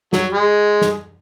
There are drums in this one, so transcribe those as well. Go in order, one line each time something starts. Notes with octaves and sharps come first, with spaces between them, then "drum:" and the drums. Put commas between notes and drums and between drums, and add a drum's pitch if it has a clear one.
F#3, drum: snare
G#3
drum: snare